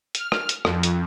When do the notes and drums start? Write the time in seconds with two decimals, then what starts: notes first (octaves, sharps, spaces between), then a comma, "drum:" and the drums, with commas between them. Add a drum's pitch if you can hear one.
0.15 F6, drum: hi-hat
0.32 drum: rim click
0.49 drum: hi-hat
0.65 F2, drum: rim click
0.83 drum: hi-hat